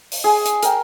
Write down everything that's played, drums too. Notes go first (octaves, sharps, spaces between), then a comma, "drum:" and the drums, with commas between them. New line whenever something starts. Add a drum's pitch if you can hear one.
drum: open hi-hat
G#4
drum: hi-hat
A#4 G5, drum: hi-hat